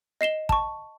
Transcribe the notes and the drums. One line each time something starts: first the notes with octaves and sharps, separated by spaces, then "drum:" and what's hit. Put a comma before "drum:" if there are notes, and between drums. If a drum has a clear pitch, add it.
D#5 C7 E7 G7
A5 C#6, drum: kick